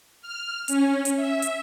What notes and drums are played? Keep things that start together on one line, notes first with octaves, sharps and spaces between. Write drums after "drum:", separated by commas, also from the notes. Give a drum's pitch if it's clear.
F6
C#4, drum: hi-hat
drum: hi-hat
E5
drum: hi-hat